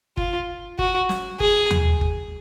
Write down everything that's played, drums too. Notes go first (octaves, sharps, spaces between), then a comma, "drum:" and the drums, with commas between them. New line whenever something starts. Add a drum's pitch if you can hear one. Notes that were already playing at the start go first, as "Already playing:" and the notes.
F4, drum: kick
F#4, drum: kick
drum: snare
G#4, drum: kick
drum: tom
drum: kick